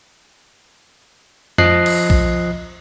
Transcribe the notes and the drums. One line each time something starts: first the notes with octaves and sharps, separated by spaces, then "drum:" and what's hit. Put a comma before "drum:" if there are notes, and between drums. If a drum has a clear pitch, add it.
F3 D#5 F#6 C7, drum: tom F2
drum: cymbal
drum: kick B1